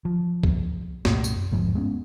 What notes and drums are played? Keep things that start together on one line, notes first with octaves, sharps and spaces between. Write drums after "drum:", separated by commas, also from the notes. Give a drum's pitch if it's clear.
F3
drum: kick C2
C2 F#2 A#2 A3, drum: snare
drum: tambourine
E1 G#2 F3
G#3 B3 C#4